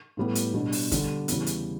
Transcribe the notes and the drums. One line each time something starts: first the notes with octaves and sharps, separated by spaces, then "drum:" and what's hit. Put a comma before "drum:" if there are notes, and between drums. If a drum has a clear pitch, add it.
A2 G3 B3
drum: hi-hat
B2 G3 B3 D4
drum: open hi-hat
D3 G3 D4 G4, drum: kick G1, hi-hat
E2 C#3 G3, drum: hi-hat
drum: hi-hat